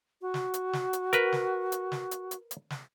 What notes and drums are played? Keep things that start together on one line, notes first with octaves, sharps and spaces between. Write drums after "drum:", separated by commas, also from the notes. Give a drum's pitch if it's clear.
F#4
drum: snare
drum: hi-hat
drum: snare
drum: hi-hat
A#4 B4, drum: hi-hat
drum: snare
drum: hi-hat
drum: snare
drum: hi-hat
drum: hi-hat
drum: hi-hat
drum: snare